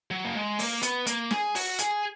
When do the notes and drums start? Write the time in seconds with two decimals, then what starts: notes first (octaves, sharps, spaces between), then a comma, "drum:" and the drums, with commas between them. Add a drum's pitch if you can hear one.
0.11 F#3
0.25 A#3
0.35 G#3
0.59 A#3, drum: open hi-hat
0.83 B3, drum: hi-hat
1.07 A#3, drum: hi-hat
1.31 G#4, drum: snare
1.55 F#4, drum: open hi-hat
1.79 G#4, drum: hi-hat